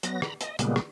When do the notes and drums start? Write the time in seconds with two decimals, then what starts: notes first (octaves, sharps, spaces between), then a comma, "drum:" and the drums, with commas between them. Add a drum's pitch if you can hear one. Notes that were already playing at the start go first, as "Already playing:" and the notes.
0.03 F#3 B3 A#6, drum: hi-hat
0.22 A#5 B5, drum: rim click
0.41 D#5, drum: hi-hat
0.59 A#2 C#3 G3 G#3 A#3 B3, drum: hi-hat
0.76 drum: rim click